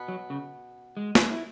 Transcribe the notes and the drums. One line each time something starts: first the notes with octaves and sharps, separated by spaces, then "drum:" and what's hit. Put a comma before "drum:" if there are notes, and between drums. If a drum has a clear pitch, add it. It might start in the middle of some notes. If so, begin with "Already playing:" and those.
Already playing: B2 B3
F#3
C#3
G#3
drum: snare
E4